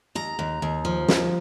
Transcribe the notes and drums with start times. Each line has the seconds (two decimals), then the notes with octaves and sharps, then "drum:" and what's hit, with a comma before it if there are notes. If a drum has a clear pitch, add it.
0.15 D#2 A#5
0.39 D#2
0.62 D#2
0.85 F3
1.08 D#2, drum: snare